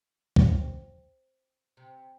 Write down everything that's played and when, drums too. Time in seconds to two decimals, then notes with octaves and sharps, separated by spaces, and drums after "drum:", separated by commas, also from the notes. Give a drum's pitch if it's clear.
0.36 C4, drum: kick
1.77 C3